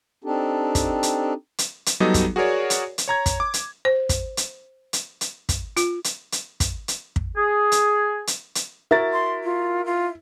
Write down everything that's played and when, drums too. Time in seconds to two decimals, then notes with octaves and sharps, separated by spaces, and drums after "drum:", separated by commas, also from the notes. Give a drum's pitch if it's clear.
0.24 C4 D4 D#4 G4 A4
0.75 drum: kick, hi-hat
1.03 drum: hi-hat
1.58 drum: hi-hat
1.86 drum: hi-hat
2.00 F#3 G3 B3 D#4 A4 D#5
2.14 drum: kick, hi-hat
2.36 F#4 G#4 A#4 C#5 D5
2.70 drum: hi-hat
2.98 drum: hi-hat
3.08 C#5 A#5 G#6
3.26 drum: kick, hi-hat
3.40 D6
3.54 drum: hi-hat
3.85 C5
4.09 drum: kick, hi-hat
4.37 drum: hi-hat
4.93 drum: hi-hat
5.21 drum: hi-hat
5.49 drum: kick, hi-hat
5.77 F4, drum: hi-hat
6.04 drum: hi-hat
6.32 drum: hi-hat
6.60 drum: kick, hi-hat
6.88 drum: hi-hat
7.16 drum: kick
7.36 G#4
7.72 drum: hi-hat
8.27 drum: hi-hat
8.55 drum: hi-hat
8.91 E4 F#4 A#4 A6
9.13 C6
9.44 F4
9.86 F4